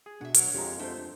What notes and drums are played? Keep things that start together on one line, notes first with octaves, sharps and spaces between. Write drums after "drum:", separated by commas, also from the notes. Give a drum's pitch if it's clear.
G#4
B2 D4 E5 F#5
F#3 A#4 C#5 F#5, drum: hi-hat
F2 G#3 G4 A#5
A3 D4 F4 A4 C5